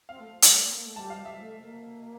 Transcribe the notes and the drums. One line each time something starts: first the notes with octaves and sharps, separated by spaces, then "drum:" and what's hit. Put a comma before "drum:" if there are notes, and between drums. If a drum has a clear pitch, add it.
C4 F5
A3
F3
G3, drum: hi-hat
A3
A#3
C4
A#3
A3
G3 A5
F5
G3
E5
A3
A#3